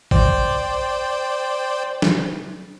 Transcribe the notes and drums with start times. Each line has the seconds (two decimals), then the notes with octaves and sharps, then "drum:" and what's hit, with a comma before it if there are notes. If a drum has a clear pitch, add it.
0.11 C5 D5 G5, drum: kick A1
2.02 drum: snare